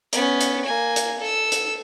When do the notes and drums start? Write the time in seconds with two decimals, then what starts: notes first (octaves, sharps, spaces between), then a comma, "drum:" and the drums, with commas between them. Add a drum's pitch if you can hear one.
0.13 B3 C#4, drum: hi-hat
0.41 drum: hi-hat
0.65 A#3 G#5
0.96 drum: hi-hat
1.20 A4 E6
1.52 drum: hi-hat